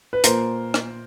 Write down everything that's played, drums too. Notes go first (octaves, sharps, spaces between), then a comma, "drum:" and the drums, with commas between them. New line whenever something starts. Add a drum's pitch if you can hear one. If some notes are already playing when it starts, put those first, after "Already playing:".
B4
A#2 A#4 C5, drum: hi-hat
drum: rim click